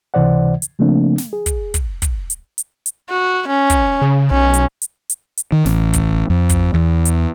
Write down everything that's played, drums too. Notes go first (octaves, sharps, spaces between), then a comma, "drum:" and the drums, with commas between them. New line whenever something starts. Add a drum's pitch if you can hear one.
C#2 C3 E3 C5 D5 F#5
drum: hi-hat
C#3 F3 A3 A#3 C4 D4
drum: snare
G#4
drum: kick, hi-hat
drum: kick, hi-hat
drum: kick, hi-hat
drum: hi-hat
drum: hi-hat
drum: hi-hat
F#4
C#4
drum: kick, hi-hat
C#3
B1 C#4
drum: hi-hat
drum: hi-hat
drum: hi-hat
drum: hi-hat
D#3
A1, drum: snare
drum: kick, hi-hat
F2
drum: kick, hi-hat
E2
drum: hi-hat